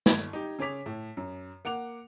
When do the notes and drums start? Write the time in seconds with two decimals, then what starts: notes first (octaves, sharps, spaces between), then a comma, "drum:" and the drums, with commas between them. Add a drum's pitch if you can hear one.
0.06 G1 G#6, drum: snare
0.33 D#4 G4
0.59 C#3 G#4 C#5 D6 B6 F7
0.86 A2
1.17 F#2
1.65 A#3 F#5 D6 F7